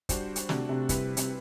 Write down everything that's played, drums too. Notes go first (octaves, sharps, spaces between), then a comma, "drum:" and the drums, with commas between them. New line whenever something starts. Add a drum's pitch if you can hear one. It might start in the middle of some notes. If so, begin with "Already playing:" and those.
G3 D4 F#4 C5, drum: kick, hi-hat
drum: hi-hat
C3 A3 D4 F#4, drum: snare
C3
G3 C4 E4 B4, drum: kick, hi-hat
C3, drum: hi-hat